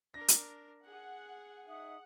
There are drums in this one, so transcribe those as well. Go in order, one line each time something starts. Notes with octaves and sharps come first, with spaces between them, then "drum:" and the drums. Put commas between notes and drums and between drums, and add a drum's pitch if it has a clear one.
D4 A#4 A#6
drum: hi-hat
G#4 F#5
D#4 E5 F#5 D#6